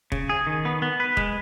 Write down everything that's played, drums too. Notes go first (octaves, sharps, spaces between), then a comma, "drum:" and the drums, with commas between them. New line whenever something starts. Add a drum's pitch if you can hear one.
C#3, drum: kick E1
G#4
D#3
B3
B3
B4
G#3, drum: kick E1